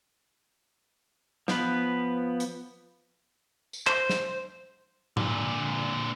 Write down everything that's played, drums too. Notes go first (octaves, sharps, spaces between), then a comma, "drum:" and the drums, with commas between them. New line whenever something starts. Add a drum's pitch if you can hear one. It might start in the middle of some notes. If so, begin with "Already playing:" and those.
F3 B3 B4, drum: snare
drum: hi-hat
drum: tambourine
C5, drum: clap
drum: snare
A#2 D3, drum: tom G#2